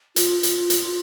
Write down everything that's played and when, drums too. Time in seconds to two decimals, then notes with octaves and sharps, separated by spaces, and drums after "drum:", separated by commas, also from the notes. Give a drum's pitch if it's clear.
0.16 F4, drum: hi-hat
0.43 drum: hi-hat
0.70 drum: hi-hat